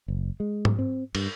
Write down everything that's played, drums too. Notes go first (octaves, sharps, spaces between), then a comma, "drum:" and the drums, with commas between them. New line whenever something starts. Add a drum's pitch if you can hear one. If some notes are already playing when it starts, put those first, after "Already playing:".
F#1
G#3
drum: tom G#2
C4
G2, drum: cymbal